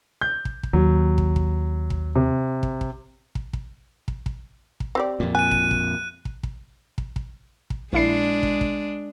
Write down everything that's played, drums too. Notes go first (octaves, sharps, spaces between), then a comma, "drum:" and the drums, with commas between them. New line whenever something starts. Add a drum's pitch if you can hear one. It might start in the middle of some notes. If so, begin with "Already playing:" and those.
G6
drum: kick
drum: kick
D#2 F#3
drum: kick
drum: kick
drum: kick
C3
drum: kick
drum: kick
drum: kick
drum: kick
drum: kick
drum: kick
drum: kick
C4 G4 D5
F2 A#2
G#5 F#6 D#7
D#7, drum: kick
drum: kick
drum: kick
drum: kick
drum: kick
drum: kick
drum: kick
A#1 G#3 D4 E4 C7
drum: kick
drum: kick